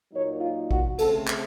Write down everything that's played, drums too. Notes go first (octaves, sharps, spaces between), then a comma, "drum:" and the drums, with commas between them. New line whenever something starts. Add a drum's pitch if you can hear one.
A#2 F#3 A#3 D#4 C#5
F4
F#4, drum: kick
C#3 A3 C4 A4, drum: cymbal
drum: clap